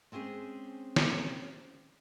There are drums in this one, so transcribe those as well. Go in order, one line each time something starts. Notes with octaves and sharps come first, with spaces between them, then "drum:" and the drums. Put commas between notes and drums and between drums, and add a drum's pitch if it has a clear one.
G#3 C4 C#4 G#4 C5
drum: snare